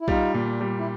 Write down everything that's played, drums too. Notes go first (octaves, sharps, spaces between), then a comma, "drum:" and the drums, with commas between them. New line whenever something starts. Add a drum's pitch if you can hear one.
E4
G3 D#4 F4, drum: kick A#1
A#2
G3
E4